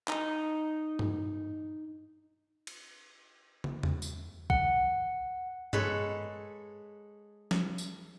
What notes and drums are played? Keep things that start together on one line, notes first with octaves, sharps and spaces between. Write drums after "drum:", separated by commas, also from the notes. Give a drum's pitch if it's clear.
D#4 D#5, drum: clap
drum: tom G2
drum: cymbal
drum: tom
drum: tom E2
drum: tambourine
F#5, drum: kick B1
G#3 A4 B4 C#5, drum: tom G2
drum: snare
drum: tambourine